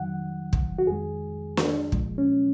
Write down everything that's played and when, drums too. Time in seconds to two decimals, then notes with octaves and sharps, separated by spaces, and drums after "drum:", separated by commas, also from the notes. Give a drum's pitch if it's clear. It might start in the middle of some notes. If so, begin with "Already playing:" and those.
Already playing: F2 D#3 F#3 F#5
0.53 drum: kick
0.79 F#4
0.87 F2 D#3 G#3 G#4
1.57 drum: snare
1.92 A#2 F3 G#3, drum: kick
2.18 C#4